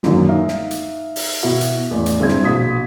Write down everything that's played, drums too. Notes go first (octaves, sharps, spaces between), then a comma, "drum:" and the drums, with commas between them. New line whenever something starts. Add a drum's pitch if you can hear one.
A#1 F#2 A#2 D3 D#3 F#3, drum: snare
D#4 E5 F5
drum: snare
drum: hi-hat
drum: open hi-hat
B2 B3 E4 F#4
drum: hi-hat
A1 E2
drum: hi-hat
G2 D3 C4 E4 G#4 G#6
drum: snare
A#1 B2 D#6 B6